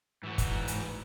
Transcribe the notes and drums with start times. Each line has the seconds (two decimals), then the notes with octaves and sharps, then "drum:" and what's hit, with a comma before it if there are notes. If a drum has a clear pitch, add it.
0.23 G#2 E3 F#4
0.38 drum: kick, hi-hat
0.68 drum: hi-hat